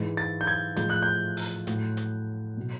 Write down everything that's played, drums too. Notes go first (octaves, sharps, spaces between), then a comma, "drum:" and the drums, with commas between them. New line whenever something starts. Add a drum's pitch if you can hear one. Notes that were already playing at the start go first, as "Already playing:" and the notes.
Already playing: G#2 E3 G#3
A6
G6
G#6
A2 F3 G#3 G6, drum: hi-hat
F#6
G6
drum: open hi-hat
A2 F#3, drum: hi-hat
drum: hi-hat
B2 F#3